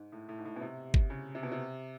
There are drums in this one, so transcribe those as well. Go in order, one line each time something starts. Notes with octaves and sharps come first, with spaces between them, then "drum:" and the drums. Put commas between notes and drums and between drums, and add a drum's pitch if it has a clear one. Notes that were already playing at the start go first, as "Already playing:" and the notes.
Already playing: G#2
A2
A2
G#2
A2
B2
C3
drum: kick G1
C#3
C3
B2
C3